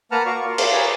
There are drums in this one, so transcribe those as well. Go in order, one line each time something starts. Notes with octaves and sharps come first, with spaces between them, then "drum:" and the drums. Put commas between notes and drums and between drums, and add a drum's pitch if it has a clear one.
A#3 B4 F#5 A5 A#5 F6
F#4 D5 F5 C#6
F4 A#4 D5
drum: cymbal
G4 G#4 B4 C#5 D5 A#5